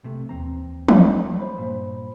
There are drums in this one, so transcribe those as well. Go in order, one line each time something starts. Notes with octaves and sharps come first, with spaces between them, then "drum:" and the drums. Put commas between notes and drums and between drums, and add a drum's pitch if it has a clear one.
B1 C3 A3
D#2 E3 C4 A#5
drum: tom
C5 B5
G2 A#2